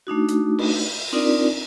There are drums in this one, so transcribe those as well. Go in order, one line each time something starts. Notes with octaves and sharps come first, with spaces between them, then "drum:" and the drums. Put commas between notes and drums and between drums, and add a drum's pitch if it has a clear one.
A3 D4 D#4 F#4
drum: hi-hat
drum: cymbal
C4 D4 D#4 F4 A#4 D5